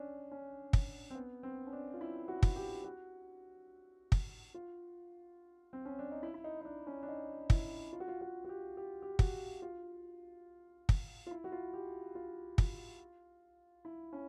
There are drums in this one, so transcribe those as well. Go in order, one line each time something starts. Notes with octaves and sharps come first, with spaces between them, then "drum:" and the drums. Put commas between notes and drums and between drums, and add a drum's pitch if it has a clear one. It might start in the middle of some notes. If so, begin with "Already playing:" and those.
Already playing: C#4 D4
C#4
drum: kick
C4
B3
C4
C#4
D4
F4
E4
F#4
drum: kick
G4
F#4
drum: kick
F4
C4
C#4
D4
D#4
E4
E4
D#4
D#4
D4
C#4
D4
D#4
E4, drum: kick
F4
F#4
F4
F#4
F#4
G4
G4
G4
F#4, drum: kick
F4
drum: kick
F4
E4
F#4
F4
G4
F4
drum: kick
E4
C#4